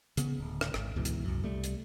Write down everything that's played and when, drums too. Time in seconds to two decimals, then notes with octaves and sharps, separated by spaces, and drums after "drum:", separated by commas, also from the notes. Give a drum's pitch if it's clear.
0.17 C#3 B3, drum: hi-hat
0.40 D1
0.61 drum: rim click
0.74 G#1, drum: rim click
0.96 C#2 G#2 B2 E3
1.05 drum: hi-hat
1.24 C2 F#2
1.43 C2 G3 A3
1.64 drum: hi-hat